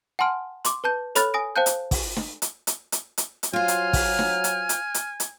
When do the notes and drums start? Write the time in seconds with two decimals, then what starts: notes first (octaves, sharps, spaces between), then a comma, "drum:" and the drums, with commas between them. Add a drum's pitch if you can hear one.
0.19 F#5 G#5 A5 C6 F6 D7
0.65 C6 D6, drum: hi-hat
0.84 B4 A5 G6
1.15 A4 C#5 B5 F6 F#6 A6, drum: hi-hat
1.34 G#5 D#6 A#6 D7
1.56 C5 F5 G5 A5 F#6 G6
1.66 drum: hi-hat
1.91 drum: kick, open hi-hat
2.16 drum: snare
2.42 drum: hi-hat
2.67 drum: hi-hat
2.92 drum: hi-hat
3.18 drum: hi-hat
3.43 drum: hi-hat
3.53 F#3 F4 C5 G#5 F6
3.68 drum: hi-hat
3.93 drum: kick, open hi-hat
4.19 drum: snare
4.44 drum: hi-hat
4.69 drum: hi-hat
4.94 drum: hi-hat
5.20 drum: hi-hat